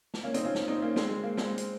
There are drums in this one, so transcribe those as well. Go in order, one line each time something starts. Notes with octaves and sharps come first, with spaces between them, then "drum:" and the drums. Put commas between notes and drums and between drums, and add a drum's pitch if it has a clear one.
drum: snare
A#3 C#4
C4 D#4, drum: hi-hat
C#4 F4
drum: snare
C4 D#4
A#3 C#4
G#3 C4, drum: snare
G#3
A#3
G#3 C4, drum: snare
drum: hi-hat